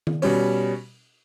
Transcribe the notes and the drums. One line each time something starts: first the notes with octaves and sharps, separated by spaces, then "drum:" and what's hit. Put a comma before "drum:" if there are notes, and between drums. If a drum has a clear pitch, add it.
drum: tom D#3
B2 G3 C#4, drum: open hi-hat